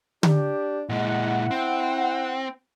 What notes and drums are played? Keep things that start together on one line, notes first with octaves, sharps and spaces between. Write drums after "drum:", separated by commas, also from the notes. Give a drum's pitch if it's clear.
D4 G4, drum: tom D3
A#2 G#3 E4 D#5 F#5
C4 G5